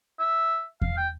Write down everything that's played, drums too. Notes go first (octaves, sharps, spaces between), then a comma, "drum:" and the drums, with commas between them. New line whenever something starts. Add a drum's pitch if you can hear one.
E5
F5, drum: kick E2
G5